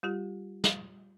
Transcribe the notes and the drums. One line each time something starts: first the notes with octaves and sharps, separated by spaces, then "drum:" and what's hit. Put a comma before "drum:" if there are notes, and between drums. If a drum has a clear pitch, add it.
G3 F4 G4
drum: snare